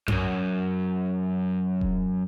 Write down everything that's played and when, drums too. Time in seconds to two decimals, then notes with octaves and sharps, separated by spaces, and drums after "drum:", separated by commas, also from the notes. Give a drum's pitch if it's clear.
0.08 B1 F#2, drum: tom F#2
1.81 drum: kick D#1